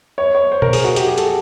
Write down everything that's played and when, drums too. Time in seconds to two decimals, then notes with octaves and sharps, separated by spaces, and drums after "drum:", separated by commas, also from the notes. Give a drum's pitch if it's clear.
0.18 C#5
0.35 C#5
0.52 C5
0.62 A#4, drum: tom B2
0.73 G#4, drum: open hi-hat
0.84 F#4
0.96 G4, drum: hi-hat
1.07 G#4
1.18 A4, drum: hi-hat